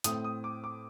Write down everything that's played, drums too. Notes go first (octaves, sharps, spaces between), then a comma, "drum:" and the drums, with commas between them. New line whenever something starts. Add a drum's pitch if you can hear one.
A2 A3 C4 D#6, drum: hi-hat
D#6
D6
D6